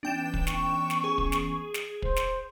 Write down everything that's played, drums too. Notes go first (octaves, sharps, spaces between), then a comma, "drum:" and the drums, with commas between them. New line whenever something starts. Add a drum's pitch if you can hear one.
E3 B3 C#4 D4 G5 E7
drum: kick
C#6, drum: snare
drum: snare
G#4
drum: kick
drum: snare
drum: snare
C5, drum: kick
drum: snare